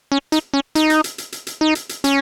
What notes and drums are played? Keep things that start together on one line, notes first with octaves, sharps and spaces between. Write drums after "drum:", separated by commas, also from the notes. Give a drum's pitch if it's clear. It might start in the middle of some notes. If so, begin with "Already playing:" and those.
C#4
D#4, drum: hi-hat
C#4
D#4, drum: hi-hat
drum: hi-hat
drum: hi-hat
drum: hi-hat
drum: hi-hat
drum: hi-hat
D#4
drum: hi-hat
drum: hi-hat
C#4, drum: hi-hat